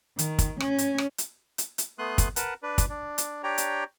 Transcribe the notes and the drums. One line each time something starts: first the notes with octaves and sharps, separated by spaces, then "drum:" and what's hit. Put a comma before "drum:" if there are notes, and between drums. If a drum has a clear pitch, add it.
D#3, drum: hi-hat
drum: kick, hi-hat
C#4, drum: rim click
drum: hi-hat
drum: rim click
drum: hi-hat
drum: hi-hat
drum: hi-hat
A3 B3 C6 D#6 F#6
drum: kick, hi-hat
A#4 B4 F#5 A5, drum: hi-hat
D4 B4
drum: kick, hi-hat
D4
drum: hi-hat
D4 G4 C#5 G5 A#5
drum: hi-hat